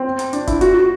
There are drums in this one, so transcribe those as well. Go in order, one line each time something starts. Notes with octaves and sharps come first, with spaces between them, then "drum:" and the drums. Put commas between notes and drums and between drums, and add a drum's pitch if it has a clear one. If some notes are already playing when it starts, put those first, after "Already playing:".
Already playing: C4
drum: hi-hat
D4, drum: hi-hat
E4, drum: kick F1, hi-hat
F#4, drum: hi-hat
F#4